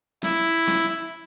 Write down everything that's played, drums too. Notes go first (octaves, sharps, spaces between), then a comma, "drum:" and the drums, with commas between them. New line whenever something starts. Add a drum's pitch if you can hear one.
E4, drum: snare
drum: snare